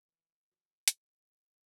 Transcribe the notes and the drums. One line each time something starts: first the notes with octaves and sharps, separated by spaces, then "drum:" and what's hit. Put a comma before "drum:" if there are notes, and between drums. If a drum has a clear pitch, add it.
E3
F#3
drum: hi-hat